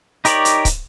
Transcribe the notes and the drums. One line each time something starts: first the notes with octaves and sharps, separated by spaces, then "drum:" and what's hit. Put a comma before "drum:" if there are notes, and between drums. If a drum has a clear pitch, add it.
D#4 G4 A#4 C#5 D5, drum: hi-hat
drum: hi-hat
drum: kick C#1, hi-hat